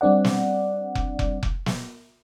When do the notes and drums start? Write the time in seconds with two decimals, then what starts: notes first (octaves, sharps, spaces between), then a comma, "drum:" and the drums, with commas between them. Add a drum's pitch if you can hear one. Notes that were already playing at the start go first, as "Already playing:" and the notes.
0.01 G3 C4 D4 D5 F#5
0.24 drum: snare
0.95 drum: kick F1
1.19 drum: kick F1
1.43 drum: kick F1
1.66 drum: snare